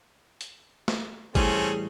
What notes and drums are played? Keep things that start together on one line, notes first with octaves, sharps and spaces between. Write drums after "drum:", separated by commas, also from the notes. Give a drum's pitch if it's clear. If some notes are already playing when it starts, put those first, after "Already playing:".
drum: hi-hat
drum: snare
A2 E3 G3 A3 C4 C#4 G#4, drum: kick, hi-hat